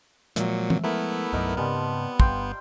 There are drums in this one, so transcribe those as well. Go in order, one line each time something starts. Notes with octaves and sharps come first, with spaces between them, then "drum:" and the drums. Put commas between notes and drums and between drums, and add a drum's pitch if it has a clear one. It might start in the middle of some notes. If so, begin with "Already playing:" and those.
A#2 F3 F#3 G#3 E5, drum: hi-hat
drum: tom
A3 B3 E4 A#4
C2 G2 F#3 D#4 A#4 D5
G#2 C#3 G3 B3 C4 A5
G1 G2 F5 G5 C6, drum: kick